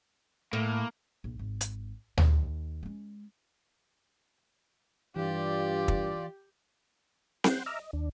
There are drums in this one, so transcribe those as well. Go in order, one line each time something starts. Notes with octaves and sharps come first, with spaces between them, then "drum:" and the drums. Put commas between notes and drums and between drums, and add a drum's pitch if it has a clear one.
A2 A#3
A#1
G#1
drum: hi-hat
D#2, drum: tom
G#3 C#4
G2 E3 F4 G4 D5
drum: kick
F#5 G5 C6, drum: snare C4
D#5 E5 A#5 D6 E6 F6
D#5
D#2 D4